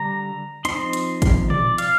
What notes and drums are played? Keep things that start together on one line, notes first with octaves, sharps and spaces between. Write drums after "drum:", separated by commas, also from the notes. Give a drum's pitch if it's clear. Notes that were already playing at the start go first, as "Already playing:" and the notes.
Already playing: D3 G3 D4 A#5
F3 C4 D#4 C6, drum: hi-hat
drum: hi-hat
drum: kick G#1, hi-hat
D5, drum: tom A#2
F5, drum: hi-hat